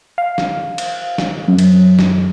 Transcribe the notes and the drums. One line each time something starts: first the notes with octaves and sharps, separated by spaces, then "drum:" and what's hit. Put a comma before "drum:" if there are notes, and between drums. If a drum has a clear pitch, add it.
F5
drum: snare
drum: cymbal
drum: snare
F#2
drum: cymbal
drum: snare